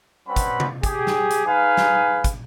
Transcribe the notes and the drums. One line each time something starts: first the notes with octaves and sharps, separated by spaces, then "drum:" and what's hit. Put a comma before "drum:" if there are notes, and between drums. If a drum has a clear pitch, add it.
G3 C4 C#4 B4 F#5 B5
drum: kick, hi-hat
drum: tom C3
G4 G#4, drum: kick, hi-hat
drum: snare
drum: hi-hat
D#4 G#4 B4 F5 G#5
drum: snare
drum: kick, hi-hat